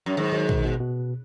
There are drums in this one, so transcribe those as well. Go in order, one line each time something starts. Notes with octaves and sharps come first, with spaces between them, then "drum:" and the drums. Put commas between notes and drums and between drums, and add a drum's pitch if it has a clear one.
F#2
G#2 D#3 F#3
D#3 F#3
B2 D#3, drum: kick
B2
B2